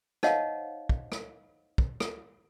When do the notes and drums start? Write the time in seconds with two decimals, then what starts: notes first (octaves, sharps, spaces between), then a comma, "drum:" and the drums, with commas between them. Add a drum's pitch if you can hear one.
0.23 D#4 C5 C#5 D#5 F5 F#5, drum: rim click
0.89 drum: kick
1.12 drum: rim click
1.78 drum: kick
2.00 drum: rim click